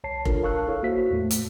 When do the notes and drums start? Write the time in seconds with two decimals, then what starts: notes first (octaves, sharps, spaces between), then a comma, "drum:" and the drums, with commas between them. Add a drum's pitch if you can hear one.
0.04 C2 C#5 A5 C7
0.25 D4 F4 A4 A#4, drum: kick F1
0.43 A#4 F5 A5 C#6 E6 F#6
0.67 E4 A4 C#5 F5
0.83 A#3 F#4 C5 E5 B6
1.10 E2 A2 A3
1.31 drum: hi-hat